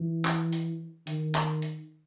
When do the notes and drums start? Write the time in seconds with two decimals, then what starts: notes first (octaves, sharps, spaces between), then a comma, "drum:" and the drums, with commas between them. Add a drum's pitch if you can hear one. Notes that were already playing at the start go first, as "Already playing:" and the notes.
Already playing: E3
0.25 drum: clap
0.53 drum: hi-hat
1.07 D#3, drum: hi-hat
1.35 drum: clap
1.62 drum: hi-hat